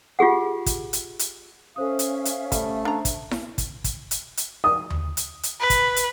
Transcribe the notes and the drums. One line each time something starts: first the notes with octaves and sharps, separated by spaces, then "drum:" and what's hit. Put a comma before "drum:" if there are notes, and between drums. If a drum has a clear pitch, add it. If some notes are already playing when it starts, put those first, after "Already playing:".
F4 G4 G#4 F#5
drum: kick, hi-hat
drum: hi-hat
drum: hi-hat
C#4 A4 C5 E5 F5 D#6
drum: hi-hat
drum: hi-hat
G3 A3, drum: kick, hi-hat
D4 A#5
drum: kick, hi-hat
drum: snare E4
drum: kick, hi-hat
drum: kick, hi-hat
drum: hi-hat
drum: hi-hat
D#6
drum: tom D#2
drum: hi-hat
drum: hi-hat
B4
drum: kick, hi-hat
drum: hi-hat